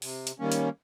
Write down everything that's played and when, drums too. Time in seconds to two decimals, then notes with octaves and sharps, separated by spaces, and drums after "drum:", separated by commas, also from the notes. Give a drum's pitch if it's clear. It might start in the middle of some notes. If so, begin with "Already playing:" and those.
0.02 C3, drum: open hi-hat
0.27 drum: hi-hat
0.39 D#3 G3 A#3 C#4
0.52 drum: hi-hat